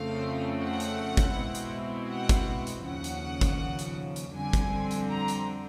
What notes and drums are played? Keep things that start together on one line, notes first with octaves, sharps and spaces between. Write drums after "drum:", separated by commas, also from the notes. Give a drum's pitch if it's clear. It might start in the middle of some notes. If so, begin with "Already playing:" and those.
Already playing: F2 C#3 F3 A3 C4 F5
F#5
drum: hi-hat
drum: kick, hi-hat
B2 G#3 C4 E4
drum: hi-hat
F#5
drum: kick, hi-hat
drum: hi-hat
D#2 C#3 F3 F#5
drum: hi-hat
drum: kick, hi-hat
drum: hi-hat
drum: hi-hat
F2 D3 G3 C4 G#5
drum: kick, hi-hat
drum: hi-hat
A#5
drum: hi-hat